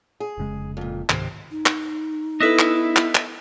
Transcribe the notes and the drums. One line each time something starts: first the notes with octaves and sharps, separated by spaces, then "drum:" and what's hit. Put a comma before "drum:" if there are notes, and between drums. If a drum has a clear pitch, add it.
G#4
F1 C#3 G#3
F2 A#2
C#2 G#2 C3 D#3 C4, drum: clap
D#4
drum: clap
B3 E4 A4 B4 D#5 E5
drum: clap
drum: clap
drum: clap